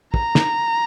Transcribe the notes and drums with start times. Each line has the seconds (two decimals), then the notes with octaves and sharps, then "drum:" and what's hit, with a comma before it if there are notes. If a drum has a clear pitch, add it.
0.14 A#5, drum: kick
0.35 drum: snare